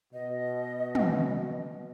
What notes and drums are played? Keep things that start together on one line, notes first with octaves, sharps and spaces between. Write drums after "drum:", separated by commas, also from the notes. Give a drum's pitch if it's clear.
B2 D#5
drum: tom